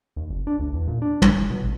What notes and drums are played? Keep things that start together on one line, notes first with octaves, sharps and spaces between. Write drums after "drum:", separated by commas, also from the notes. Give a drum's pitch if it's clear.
D#2
F#1
D4
D2
E2
A#2
D4
A#1, drum: tom
F1
B2
A1